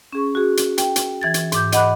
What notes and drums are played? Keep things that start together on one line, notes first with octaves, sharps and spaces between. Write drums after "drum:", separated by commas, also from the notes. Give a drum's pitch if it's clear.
C#4 G#4 C#6
F#4 G#4
drum: hi-hat
G5, drum: hi-hat
drum: hi-hat
E3 G#6 A6
drum: hi-hat
G#2 D6 G6, drum: hi-hat
D#5 F#5 B5 D6 F#6, drum: hi-hat